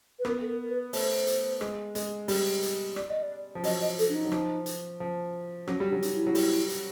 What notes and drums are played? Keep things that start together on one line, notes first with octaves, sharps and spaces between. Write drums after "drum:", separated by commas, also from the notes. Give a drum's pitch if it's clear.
B4
B3 A#4, drum: rim click
A4
A#4
A#4
B4
A3 C5, drum: open hi-hat
drum: hi-hat
G#3, drum: rim click
G#3, drum: hi-hat
G3, drum: open hi-hat
drum: hi-hat
D5, drum: rim click
D#5
D5
F3
F#3 D#5, drum: open hi-hat
D#5
A4, drum: hi-hat
D4
D#4
F#3
F3, drum: rim click
drum: hi-hat
F3
F#3 C#4, drum: rim click
G3
D4
F#3
D#4, drum: hi-hat
E4
F#3
G3, drum: open hi-hat
drum: hi-hat